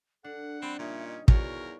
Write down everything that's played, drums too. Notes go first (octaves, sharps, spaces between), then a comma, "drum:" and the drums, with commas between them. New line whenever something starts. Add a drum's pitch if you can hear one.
D4 A4 F#5
G3 C4 D5 B5
A#2 G3 C#4 D#4 E5
D#5
E2 F4 F#4 A#4 C#5 D5, drum: kick